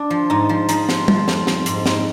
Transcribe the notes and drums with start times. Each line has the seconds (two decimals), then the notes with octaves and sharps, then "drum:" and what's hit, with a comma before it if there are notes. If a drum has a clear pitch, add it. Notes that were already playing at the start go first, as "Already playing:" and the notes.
Already playing: D4
0.10 F3
0.30 G#2 D#4
0.49 F3
0.69 F3 D#4, drum: hi-hat
0.89 F3, drum: snare
1.08 F3, drum: tom
1.28 F2, drum: snare
1.47 F3, drum: snare
1.66 G#2, drum: hi-hat
1.86 G#2, drum: snare